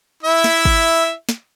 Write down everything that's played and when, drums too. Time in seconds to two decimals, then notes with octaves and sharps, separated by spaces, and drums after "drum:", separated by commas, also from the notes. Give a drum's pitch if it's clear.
0.23 E4 E5
0.44 drum: snare
0.65 drum: kick
1.29 drum: snare